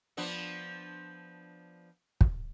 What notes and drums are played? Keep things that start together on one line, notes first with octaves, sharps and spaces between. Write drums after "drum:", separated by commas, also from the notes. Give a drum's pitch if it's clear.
F3 B3 D4
drum: kick